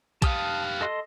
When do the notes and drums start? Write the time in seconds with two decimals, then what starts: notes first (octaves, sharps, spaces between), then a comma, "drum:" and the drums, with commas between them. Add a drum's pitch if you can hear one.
0.22 G4 F5 A5 D#6 F6, drum: kick, hi-hat
0.81 A4 D#5 C6